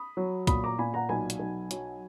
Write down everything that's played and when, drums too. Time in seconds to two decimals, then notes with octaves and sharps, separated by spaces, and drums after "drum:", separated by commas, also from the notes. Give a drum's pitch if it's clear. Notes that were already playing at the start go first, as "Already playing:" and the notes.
Already playing: B5 D#6
0.17 F#3
0.47 A#2 B5 D#6, drum: kick, hi-hat
0.64 A#5 D6
0.79 A#2 G#5 B5
0.94 F#5 A#5
1.09 B1 G#5 B5
1.30 drum: hi-hat
1.40 B1
1.71 F#3, drum: hi-hat